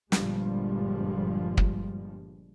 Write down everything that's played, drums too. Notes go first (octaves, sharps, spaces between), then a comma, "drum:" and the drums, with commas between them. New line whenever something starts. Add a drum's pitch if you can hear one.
G1 G2 A#2 F3 G3 G#3, drum: snare
drum: kick